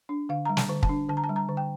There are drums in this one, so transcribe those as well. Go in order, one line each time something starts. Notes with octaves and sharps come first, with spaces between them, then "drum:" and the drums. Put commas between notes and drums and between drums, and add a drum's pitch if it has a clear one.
D4
D3 F5
G3 A#5
A5, drum: snare
D3
A5, drum: kick
D4
D3 A5
A#5
A5
G3
A#5
D3
G5